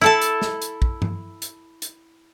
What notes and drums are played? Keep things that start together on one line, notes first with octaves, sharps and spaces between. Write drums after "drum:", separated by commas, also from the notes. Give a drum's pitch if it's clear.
E4 A4 A5
drum: hi-hat
drum: snare
drum: hi-hat
drum: kick
drum: tom G2
drum: hi-hat
drum: hi-hat